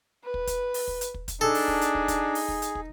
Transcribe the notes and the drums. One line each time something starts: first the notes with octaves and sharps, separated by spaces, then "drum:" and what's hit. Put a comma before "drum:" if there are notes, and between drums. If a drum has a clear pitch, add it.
B4
drum: kick
drum: kick, hi-hat
drum: open hi-hat
drum: kick
drum: hi-hat
drum: kick
drum: kick, hi-hat
D4 D#4 G#4 A4
drum: open hi-hat
drum: kick
drum: hi-hat
drum: kick
drum: kick, hi-hat
drum: open hi-hat
drum: kick
drum: hi-hat
drum: kick